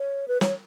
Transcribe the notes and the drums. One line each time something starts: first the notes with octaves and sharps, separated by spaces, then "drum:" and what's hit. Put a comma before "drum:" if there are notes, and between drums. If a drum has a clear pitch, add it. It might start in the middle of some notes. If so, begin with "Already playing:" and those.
Already playing: C#5
B4
C#5, drum: snare